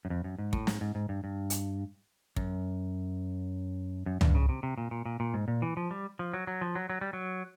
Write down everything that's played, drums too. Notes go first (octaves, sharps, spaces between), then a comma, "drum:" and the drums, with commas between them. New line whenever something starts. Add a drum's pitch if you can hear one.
F#2
F2
F#2
G#2
A2, drum: kick
G#2, drum: snare
G#2
G#2
G2
G2
drum: hi-hat
F#2, drum: kick
F#2
G2, drum: tom C#2
C#3
C3
C3
A#2
A#2
A#2
A#2
G#2
A#2
E3
F3
G3
F3
F#3
F#3
F3
F#3
F#3
G3
F#3